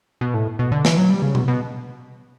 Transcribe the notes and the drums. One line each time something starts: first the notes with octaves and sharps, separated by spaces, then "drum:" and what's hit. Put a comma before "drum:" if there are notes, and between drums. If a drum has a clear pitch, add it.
B2
A2
B2
D3
E3, drum: snare
F#3
G3
C#3
B2, drum: tom C3
B2